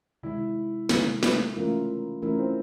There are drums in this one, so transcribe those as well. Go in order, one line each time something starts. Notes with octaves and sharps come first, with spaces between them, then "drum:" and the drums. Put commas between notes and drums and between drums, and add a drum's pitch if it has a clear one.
C3 D#3 G#3 E4
C3 D#3 G#3, drum: snare
drum: snare
E3 A3 C#4 F4 A#4
E3 A3 C#4 E4 F4 A#4
C4